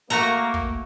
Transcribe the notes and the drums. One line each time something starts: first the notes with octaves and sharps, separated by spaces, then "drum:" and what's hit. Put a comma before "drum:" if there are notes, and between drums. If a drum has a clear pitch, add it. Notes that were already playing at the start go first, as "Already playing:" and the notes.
A3 A#3 F#4 A#5
drum: kick